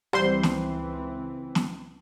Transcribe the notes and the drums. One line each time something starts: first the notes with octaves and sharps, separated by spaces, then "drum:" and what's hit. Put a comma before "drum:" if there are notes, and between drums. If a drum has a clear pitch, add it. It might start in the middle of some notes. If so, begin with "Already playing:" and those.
C#2 E3 G3 C4 C5 C6, drum: rim click
drum: snare
drum: snare